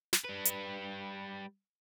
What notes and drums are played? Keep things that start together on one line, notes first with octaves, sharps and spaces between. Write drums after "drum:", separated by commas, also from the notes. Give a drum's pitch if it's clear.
drum: snare
G3 B4
drum: hi-hat